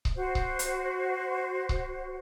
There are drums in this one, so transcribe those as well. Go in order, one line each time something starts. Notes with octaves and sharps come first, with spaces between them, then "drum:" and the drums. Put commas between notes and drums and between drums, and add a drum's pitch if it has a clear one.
drum: kick C#1
F#4 C5
drum: kick C#1
drum: hi-hat
drum: kick C#1